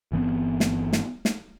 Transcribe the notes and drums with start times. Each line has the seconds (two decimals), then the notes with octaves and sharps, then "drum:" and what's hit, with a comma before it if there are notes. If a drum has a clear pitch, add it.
0.12 G1 E3 B3 C4
0.60 drum: snare
0.93 drum: snare
1.25 drum: snare